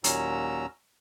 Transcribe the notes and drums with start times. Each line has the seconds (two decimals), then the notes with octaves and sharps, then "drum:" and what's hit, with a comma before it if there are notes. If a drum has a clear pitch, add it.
0.04 D#2 A#2 F#3 C#4 A#5 E6, drum: hi-hat